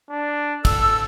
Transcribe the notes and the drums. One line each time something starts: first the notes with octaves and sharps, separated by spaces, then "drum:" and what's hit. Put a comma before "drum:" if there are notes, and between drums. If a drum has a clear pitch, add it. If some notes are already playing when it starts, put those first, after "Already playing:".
D4
A4 E6, drum: kick, cymbal